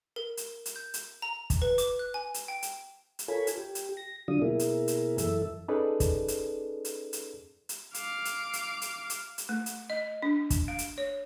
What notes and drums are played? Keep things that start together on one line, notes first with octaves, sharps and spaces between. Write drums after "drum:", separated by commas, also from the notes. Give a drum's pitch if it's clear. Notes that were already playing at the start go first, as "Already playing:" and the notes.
A#4
drum: hi-hat
drum: hi-hat
G6
drum: hi-hat
A#5
drum: kick, hi-hat
B4
D6, drum: hi-hat
F#6
G#5
drum: hi-hat
G5
drum: hi-hat
drum: hi-hat
F4 A4 A#4 C#5 G#5 B5
drum: hi-hat
G4
drum: hi-hat
A#6
D3 F#3 D4 F4 D#6
B2 A#3 E4 G#4 A#4
drum: hi-hat
drum: hi-hat
F#2 E3 A4 E5, drum: hi-hat
C#4 D#4 G#4 A4 B4 D5
drum: kick, hi-hat
drum: hi-hat
drum: hi-hat
drum: hi-hat
drum: hi-hat
F5 D6, drum: hi-hat
drum: hi-hat
drum: hi-hat
drum: hi-hat
drum: hi-hat
drum: hi-hat
A3
drum: hi-hat
D#5
D4
drum: kick, hi-hat
F5
drum: hi-hat
C#5